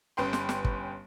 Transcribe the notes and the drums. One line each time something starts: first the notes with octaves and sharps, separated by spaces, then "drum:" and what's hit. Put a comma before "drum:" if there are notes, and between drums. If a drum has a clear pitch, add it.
G1 C#4 B4 G5 C6
drum: snare
drum: snare
drum: kick